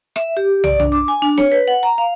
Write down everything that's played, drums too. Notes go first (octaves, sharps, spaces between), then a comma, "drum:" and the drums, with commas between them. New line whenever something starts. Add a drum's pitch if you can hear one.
E5, drum: rim click
G4
D5, drum: tom
D4, drum: tom
D6
G#5
D4
C#5, drum: snare
B4
F#5
A#5
F5